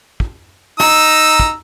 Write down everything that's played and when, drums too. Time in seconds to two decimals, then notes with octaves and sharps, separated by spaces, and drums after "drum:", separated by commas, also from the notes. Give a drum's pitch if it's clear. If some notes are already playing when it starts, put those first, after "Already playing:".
0.20 drum: kick
0.80 D#4 A#5 E6, drum: snare
1.40 drum: kick